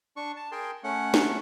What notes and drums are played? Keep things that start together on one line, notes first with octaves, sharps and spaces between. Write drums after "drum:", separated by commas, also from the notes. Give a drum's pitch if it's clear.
D4 C#6
A5
G#4 A#4 G5 C6
A3 C#4 F#5
drum: snare